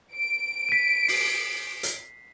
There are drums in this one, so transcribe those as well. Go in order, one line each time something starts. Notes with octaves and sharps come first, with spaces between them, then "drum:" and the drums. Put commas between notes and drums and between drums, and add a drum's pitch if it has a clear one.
D7
B6 D#7
C7, drum: open hi-hat
drum: hi-hat